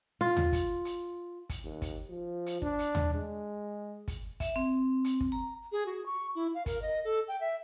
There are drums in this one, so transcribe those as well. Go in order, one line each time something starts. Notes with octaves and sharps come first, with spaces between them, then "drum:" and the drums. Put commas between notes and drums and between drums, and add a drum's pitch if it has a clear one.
F4
drum: tom D#2
drum: kick, hi-hat
drum: hi-hat
drum: kick, hi-hat
D#2
drum: kick, hi-hat
F3
drum: hi-hat
D4, drum: kick
drum: hi-hat
drum: tom D#2
G#3
drum: kick, hi-hat
E5, drum: kick, hi-hat
C4
drum: hi-hat
drum: kick
A#5
G#4
F#4
C#6
E4
F5
A#4, drum: kick, hi-hat
D#5
A4
G5
E5